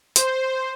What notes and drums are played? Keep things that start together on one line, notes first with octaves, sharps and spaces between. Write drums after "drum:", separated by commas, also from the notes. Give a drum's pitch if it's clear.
C5, drum: hi-hat